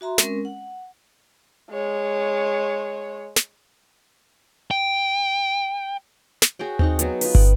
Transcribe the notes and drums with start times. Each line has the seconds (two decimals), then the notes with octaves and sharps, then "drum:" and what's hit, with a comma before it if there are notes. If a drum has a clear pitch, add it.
0.01 F#4 E5 A#5 C6
0.18 G#3 C4 C#4 A#4, drum: snare
0.45 F#5
1.71 G#3 C#5
3.36 drum: snare
4.71 G5
6.42 drum: snare
6.59 F#4 G#4 C#5 G5
6.79 C4 D#4 C#6, drum: tom D#2
6.99 F#3 B3, drum: hi-hat
7.21 F4 B4, drum: open hi-hat
7.35 F#5 G5, drum: kick